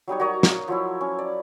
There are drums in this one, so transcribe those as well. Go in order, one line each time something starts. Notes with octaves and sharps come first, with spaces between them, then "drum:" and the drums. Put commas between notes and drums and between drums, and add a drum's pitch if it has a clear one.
F#3 G3 D#4 C#5
F#4 A#4 C#5 D#5
D#5 F5 F#5, drum: snare
F3 F#3 E4
C#4
D5